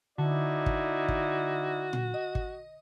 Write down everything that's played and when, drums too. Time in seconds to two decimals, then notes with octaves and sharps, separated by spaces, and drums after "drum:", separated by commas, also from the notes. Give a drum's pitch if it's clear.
0.18 D3 D#4 E4 F#4 D5
0.66 drum: kick
1.08 drum: kick
1.93 drum: tom A#2
2.14 D#5
2.35 drum: kick